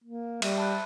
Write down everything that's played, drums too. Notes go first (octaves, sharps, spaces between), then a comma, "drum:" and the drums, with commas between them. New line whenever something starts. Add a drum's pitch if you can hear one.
A#3
G3 E5, drum: cymbal
A5 B5 F#6